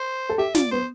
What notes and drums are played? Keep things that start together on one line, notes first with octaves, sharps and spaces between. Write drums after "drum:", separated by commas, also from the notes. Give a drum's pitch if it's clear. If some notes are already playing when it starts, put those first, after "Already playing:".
Already playing: C5
A4
G4 E5
F4 D5, drum: snare
B3 C5